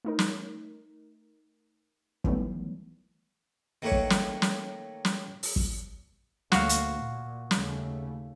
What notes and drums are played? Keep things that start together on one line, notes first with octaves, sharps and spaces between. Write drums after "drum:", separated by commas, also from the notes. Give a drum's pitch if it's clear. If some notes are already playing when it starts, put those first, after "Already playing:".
A3 D#4 A#4
drum: snare
D#3 E3 F#3 G3 A3 B3, drum: kick
D#3 A3 A#3 B4 C#5
drum: kick
drum: snare
drum: snare
drum: snare
drum: open hi-hat
drum: kick
D2 A#3 F#4 F5, drum: snare
drum: hi-hat
A#2
D#2 C#3 A3, drum: snare